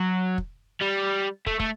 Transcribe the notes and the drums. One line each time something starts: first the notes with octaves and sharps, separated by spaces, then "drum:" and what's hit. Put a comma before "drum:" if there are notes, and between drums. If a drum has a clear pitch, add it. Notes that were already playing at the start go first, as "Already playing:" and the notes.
Already playing: F#3
drum: kick
G3
A3, drum: kick
A3, drum: kick